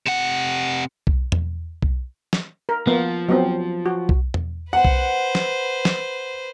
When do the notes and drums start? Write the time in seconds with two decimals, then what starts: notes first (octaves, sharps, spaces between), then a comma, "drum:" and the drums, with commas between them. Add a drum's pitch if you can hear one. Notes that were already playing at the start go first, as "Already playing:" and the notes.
0.06 C3 F#5
1.07 drum: kick B1
1.32 drum: tom E2
1.82 drum: kick B1
2.33 drum: snare
2.69 A#4
2.87 F3 A#3 B3
3.29 F#3 B3 C4
3.86 F#4
4.09 drum: kick B1
4.34 drum: tom E2
4.73 B4 C5 F#5
4.85 drum: kick B1
5.35 drum: snare
5.85 drum: snare